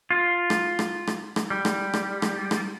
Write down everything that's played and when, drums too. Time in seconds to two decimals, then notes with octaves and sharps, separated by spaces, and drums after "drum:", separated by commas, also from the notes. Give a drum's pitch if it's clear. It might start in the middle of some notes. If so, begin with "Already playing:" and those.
0.11 F4
0.50 drum: rim click
0.79 drum: rim click
1.07 drum: rim click
1.36 drum: rim click
1.50 G3
1.65 drum: rim click
1.93 drum: rim click
2.22 drum: rim click
2.51 drum: rim click